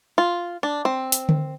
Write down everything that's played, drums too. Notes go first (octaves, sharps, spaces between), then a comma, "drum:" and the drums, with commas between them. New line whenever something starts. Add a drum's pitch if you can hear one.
F4
D4
C4
drum: hi-hat
drum: tom D3